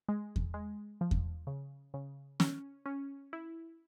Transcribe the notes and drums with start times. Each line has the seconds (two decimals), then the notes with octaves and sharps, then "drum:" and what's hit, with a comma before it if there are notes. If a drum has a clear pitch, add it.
0.09 G#3
0.36 drum: kick E2
0.54 G#3
1.01 F3
1.11 drum: kick E2
1.47 C#3
1.94 C#3
2.40 C#4, drum: snare
2.86 C#4
3.33 E4